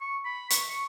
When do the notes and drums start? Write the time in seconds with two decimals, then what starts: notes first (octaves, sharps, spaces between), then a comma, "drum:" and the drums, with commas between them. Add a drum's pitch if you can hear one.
0.01 C#6
0.25 B5
0.50 C#6, drum: hi-hat
0.69 C#6